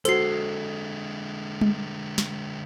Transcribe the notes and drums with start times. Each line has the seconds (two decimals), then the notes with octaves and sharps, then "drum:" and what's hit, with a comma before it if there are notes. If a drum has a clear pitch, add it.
0.05 D3 G#3 F#4 A4 C5 C7, drum: hi-hat
1.61 drum: tom G3
2.18 drum: snare